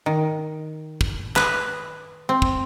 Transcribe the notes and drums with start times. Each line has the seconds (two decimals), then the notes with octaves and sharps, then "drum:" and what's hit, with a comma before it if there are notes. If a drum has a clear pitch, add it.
0.06 D#3
1.01 drum: kick
1.36 B4, drum: clap
2.29 C4
2.42 drum: kick